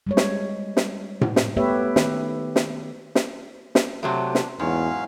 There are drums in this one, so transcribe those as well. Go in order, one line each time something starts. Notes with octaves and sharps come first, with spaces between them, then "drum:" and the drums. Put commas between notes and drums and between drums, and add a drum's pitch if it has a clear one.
G3 G#3 C#5
drum: snare
drum: snare
drum: tom A2
drum: snare
A3 B3 G4 B4 C#5 E5
D#3, drum: snare
drum: snare
drum: snare
drum: snare
C3 F#3 A3 D4
drum: snare
E2 G#2 F#3 C#4 F5